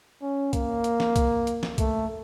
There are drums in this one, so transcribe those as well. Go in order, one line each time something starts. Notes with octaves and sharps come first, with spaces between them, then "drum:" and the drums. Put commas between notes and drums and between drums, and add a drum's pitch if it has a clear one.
C#4
A#3, drum: kick, hi-hat
drum: hi-hat
drum: snare
drum: kick, hi-hat
drum: hi-hat
drum: snare
A3, drum: kick, hi-hat